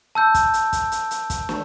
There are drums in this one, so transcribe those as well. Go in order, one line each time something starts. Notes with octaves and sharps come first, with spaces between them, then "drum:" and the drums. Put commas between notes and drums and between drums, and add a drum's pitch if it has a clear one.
A5 E6 G6
drum: kick, hi-hat
drum: hi-hat
drum: kick, hi-hat
drum: hi-hat
drum: hi-hat
drum: kick, hi-hat
drum: snare